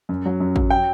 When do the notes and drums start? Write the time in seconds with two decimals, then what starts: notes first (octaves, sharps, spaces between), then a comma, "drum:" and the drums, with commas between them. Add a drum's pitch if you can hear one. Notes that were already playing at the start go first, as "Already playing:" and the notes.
0.09 F#2
0.26 F#3
0.40 F#2
0.56 F#3, drum: kick G#1
0.70 G5